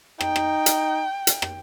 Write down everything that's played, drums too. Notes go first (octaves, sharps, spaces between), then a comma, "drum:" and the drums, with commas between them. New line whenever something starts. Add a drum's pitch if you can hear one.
D#4 G5, drum: rim click
drum: rim click
drum: hi-hat
drum: hi-hat
drum: rim click